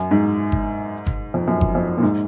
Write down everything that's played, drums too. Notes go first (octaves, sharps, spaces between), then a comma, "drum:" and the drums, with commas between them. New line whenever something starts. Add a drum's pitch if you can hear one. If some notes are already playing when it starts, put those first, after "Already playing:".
Already playing: F#2
G#2
drum: kick G1
drum: kick G1
F2
F#2
drum: kick G1
F2
A#2
G#2